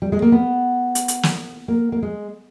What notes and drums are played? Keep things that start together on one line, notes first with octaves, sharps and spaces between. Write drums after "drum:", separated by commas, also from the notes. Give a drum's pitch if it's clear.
G3
G#3
A#3
B3
drum: hi-hat
drum: hi-hat
drum: snare
A#3
A#3
G#3